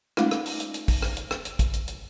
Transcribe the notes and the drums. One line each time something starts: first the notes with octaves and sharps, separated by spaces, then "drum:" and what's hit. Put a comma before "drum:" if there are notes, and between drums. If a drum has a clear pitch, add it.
G#3 A3 C#4 D#4 F4 F5, drum: rim click
drum: rim click
drum: open hi-hat
drum: hi-hat
drum: hi-hat
drum: kick, open hi-hat
drum: rim click
drum: hi-hat
drum: rim click
drum: hi-hat
drum: kick, hi-hat
drum: hi-hat
drum: hi-hat